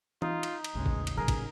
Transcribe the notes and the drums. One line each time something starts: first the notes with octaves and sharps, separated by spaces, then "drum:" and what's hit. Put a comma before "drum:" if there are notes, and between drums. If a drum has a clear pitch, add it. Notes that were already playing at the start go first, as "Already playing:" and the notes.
D#4 F4, drum: tom E3
drum: cymbal
drum: cymbal
A1 D#2 C#3 G#3
drum: kick
drum: cymbal
A#2 F#3 G#4 A#4
drum: kick, cymbal